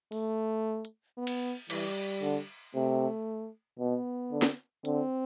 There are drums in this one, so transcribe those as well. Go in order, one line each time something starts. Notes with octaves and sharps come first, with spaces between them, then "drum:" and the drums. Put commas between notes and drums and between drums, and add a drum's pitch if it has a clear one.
A3, drum: open hi-hat
drum: hi-hat
B3
drum: cymbal
E3 G3, drum: cymbal
D3
C3 A3
B2 B3
D3
drum: snare
D3 C4, drum: hi-hat